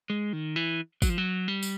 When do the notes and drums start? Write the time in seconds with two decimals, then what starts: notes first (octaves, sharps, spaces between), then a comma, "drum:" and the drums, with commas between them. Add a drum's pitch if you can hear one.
0.10 G#3
0.33 D#3
0.56 E3
1.02 F#3, drum: kick, tambourine
1.10 F3
1.18 F#3
1.48 G3
1.63 drum: tambourine